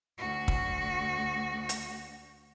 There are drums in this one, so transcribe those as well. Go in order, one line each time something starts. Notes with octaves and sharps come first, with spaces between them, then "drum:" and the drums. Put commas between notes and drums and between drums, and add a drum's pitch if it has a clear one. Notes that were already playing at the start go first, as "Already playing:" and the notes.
D2 F#4
drum: kick
drum: hi-hat